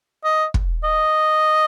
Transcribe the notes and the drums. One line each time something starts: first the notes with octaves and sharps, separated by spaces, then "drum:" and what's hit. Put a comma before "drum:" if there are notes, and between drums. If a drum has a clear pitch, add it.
D#5
drum: kick
D#5